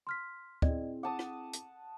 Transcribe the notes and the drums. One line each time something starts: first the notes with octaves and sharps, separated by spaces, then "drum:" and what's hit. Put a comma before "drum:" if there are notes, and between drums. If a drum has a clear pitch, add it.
C6 F6 B6
C4 E4 G#4 D5 D#5, drum: kick
F#5 A5 D6 D#6
drum: rim click
drum: hi-hat